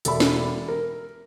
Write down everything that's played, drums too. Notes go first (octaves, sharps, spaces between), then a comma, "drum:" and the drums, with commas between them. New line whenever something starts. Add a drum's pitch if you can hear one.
E1 A4 D5 E5 B5, drum: hi-hat
drum: snare
A#4